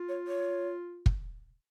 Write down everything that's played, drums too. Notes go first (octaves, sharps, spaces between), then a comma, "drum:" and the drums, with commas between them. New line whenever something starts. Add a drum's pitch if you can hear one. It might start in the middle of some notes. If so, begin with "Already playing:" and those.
Already playing: F4
C#5
C#5
drum: kick